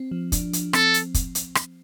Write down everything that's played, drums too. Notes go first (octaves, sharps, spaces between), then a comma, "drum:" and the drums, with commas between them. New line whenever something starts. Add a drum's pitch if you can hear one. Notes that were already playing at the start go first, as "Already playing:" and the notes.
Already playing: C4
F3
D4, drum: kick, hi-hat
F3, drum: hi-hat
C4 A4, drum: rim click
drum: hi-hat
drum: kick, hi-hat
drum: hi-hat
drum: rim click